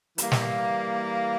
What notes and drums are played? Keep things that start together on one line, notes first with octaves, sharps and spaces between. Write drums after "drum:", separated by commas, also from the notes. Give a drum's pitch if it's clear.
E3 G3 A#3, drum: hi-hat
drum: snare